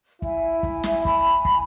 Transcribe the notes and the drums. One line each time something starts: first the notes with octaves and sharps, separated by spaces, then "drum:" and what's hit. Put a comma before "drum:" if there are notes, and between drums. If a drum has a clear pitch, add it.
E4 E5 G#5, drum: kick
drum: kick
drum: snare
G#5 B5, drum: kick
drum: kick